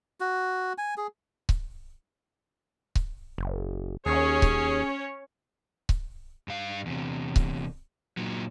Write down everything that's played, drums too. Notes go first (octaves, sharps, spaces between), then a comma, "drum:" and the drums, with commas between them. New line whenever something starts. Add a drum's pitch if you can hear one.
F#4
G#5
G#4
drum: kick C#1
drum: kick C#1
F#1
D#2 C#4 G#4 C#5
drum: kick C#1
drum: kick C#1
G2 F5
E2 C3
drum: kick C#1
A#2 F#3